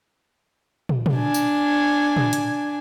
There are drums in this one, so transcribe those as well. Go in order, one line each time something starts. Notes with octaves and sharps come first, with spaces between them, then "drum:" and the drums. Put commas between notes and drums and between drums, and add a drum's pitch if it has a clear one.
drum: tom
drum: tom
D4 G#5
drum: tambourine
drum: tom
drum: hi-hat